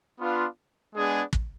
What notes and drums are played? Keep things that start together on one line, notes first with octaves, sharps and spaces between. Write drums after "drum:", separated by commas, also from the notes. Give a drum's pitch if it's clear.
B3 D4 F4 B4 F5
G#3 B3 D4 G#4
drum: kick